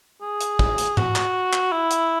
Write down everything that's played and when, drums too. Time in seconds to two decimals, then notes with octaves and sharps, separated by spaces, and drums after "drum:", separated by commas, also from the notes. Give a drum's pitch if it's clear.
0.22 G#4
0.41 drum: hi-hat
0.59 drum: kick
0.78 drum: hi-hat
0.97 F#4, drum: tom G#2
1.16 drum: clap
1.53 drum: clap
1.72 E4
1.91 drum: hi-hat